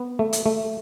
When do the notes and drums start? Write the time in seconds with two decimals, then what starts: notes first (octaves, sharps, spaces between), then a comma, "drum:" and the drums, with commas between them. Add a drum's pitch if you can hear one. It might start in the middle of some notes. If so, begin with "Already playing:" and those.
Already playing: B3
0.19 A3
0.33 drum: hi-hat
0.46 A3